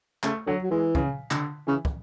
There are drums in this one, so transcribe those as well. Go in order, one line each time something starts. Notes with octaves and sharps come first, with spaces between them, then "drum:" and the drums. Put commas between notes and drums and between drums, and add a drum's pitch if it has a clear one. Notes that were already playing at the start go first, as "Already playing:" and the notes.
C#3 A3, drum: clap
D3 F#3
F#3
E3 G#3
C#3, drum: kick
D3, drum: clap
C#3 E3
drum: kick